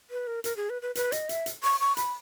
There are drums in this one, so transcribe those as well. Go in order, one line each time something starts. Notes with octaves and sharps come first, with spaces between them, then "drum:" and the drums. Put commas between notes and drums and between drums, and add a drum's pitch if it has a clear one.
B4
A#4
A#4, drum: hi-hat
G#4
B4
B4
B4, drum: hi-hat
D#5, drum: hi-hat
E5, drum: hi-hat
drum: hi-hat
C#6, drum: open hi-hat
C#6
B5, drum: hi-hat